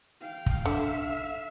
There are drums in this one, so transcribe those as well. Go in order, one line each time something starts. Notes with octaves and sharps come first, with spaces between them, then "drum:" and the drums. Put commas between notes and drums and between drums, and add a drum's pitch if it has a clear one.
F5 G5
drum: kick
D3 E5 F5